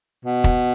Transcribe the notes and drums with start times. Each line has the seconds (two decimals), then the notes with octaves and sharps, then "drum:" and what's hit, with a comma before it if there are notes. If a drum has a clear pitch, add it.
0.25 B2
0.44 drum: kick